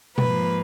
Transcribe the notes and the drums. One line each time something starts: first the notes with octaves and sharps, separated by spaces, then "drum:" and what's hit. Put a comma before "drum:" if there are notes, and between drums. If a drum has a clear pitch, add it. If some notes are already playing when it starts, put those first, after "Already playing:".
G#2 F3 A#3 B4, drum: tom B2